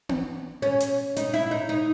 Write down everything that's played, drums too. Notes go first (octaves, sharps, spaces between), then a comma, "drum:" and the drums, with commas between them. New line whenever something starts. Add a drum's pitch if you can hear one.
drum: tom B3
C#4
drum: hi-hat
D#4, drum: hi-hat
E4
D#4
D#4